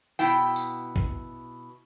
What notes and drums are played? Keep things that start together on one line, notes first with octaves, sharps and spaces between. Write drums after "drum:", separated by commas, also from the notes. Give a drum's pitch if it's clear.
B2 E4 G5
drum: tambourine
drum: kick